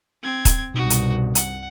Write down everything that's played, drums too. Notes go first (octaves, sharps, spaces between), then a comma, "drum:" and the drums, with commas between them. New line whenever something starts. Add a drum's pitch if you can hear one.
C4 G#6
drum: kick D#1, hi-hat
C2 G2 B2 D#4 F#4
drum: hi-hat
F#5, drum: hi-hat